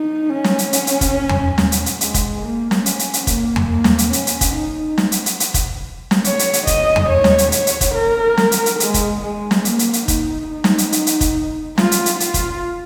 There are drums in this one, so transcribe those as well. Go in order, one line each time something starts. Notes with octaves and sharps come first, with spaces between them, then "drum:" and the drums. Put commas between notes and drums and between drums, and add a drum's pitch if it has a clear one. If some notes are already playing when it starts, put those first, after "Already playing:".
Already playing: D#4
C#4
drum: snare
drum: hi-hat
drum: hi-hat
drum: hi-hat
drum: kick, hi-hat
drum: tom E2
drum: snare
drum: hi-hat
drum: hi-hat
G#3, drum: hi-hat
drum: kick, hi-hat
A#3
drum: snare
C#4, drum: hi-hat
drum: hi-hat
drum: hi-hat
A#3, drum: kick, hi-hat
drum: tom E2
A#3
drum: snare
drum: hi-hat
C#4, drum: hi-hat
drum: hi-hat
drum: kick, hi-hat
D#4
drum: snare
drum: hi-hat
drum: hi-hat
drum: hi-hat
drum: kick, hi-hat
drum: snare
C#5, drum: hi-hat
drum: hi-hat
drum: hi-hat
D#5, drum: kick, hi-hat
drum: tom E2
C#5
drum: snare
drum: hi-hat
C#5, drum: hi-hat
drum: hi-hat
drum: kick, hi-hat
A#4
drum: snare
drum: hi-hat
drum: hi-hat
G#3, drum: hi-hat
drum: kick, hi-hat
G#3
drum: snare
A#3, drum: hi-hat
drum: hi-hat
drum: hi-hat
D#4, drum: kick, hi-hat
D#4
drum: snare
drum: hi-hat
drum: hi-hat
drum: hi-hat
drum: kick, hi-hat
F4, drum: snare
drum: hi-hat
drum: hi-hat
F4, drum: hi-hat
drum: kick, hi-hat